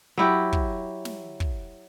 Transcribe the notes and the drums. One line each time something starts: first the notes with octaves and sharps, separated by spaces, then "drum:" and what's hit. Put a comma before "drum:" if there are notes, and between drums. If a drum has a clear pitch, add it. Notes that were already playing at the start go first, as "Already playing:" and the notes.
F#3 E4 G4
drum: kick
drum: snare
drum: kick